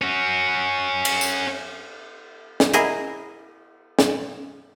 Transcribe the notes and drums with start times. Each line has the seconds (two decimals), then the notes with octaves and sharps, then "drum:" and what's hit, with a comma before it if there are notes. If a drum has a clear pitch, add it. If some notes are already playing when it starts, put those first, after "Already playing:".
0.02 C#4 F#4
1.05 drum: cymbal
1.21 drum: tambourine
2.60 drum: snare
2.73 E4 G#4 A#4 D#5, drum: hi-hat
3.99 drum: snare